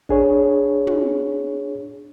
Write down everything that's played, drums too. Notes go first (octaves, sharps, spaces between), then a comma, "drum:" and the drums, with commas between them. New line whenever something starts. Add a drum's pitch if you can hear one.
D4 G#4 C#5, drum: kick
drum: tom